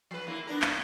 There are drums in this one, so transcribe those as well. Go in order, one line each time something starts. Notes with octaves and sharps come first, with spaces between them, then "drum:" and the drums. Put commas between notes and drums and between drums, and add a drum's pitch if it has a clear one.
F3 B4
D#2 A#3 E4
B3 D4 A#4
drum: clap